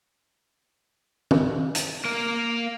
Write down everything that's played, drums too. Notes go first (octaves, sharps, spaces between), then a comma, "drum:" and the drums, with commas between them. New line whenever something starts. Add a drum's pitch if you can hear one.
drum: tom
drum: hi-hat
A#3 A#4